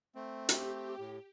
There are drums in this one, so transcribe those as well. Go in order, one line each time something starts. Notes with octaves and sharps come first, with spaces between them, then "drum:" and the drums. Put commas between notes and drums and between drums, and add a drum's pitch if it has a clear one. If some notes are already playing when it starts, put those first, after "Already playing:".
A3 C4
G4, drum: hi-hat
A2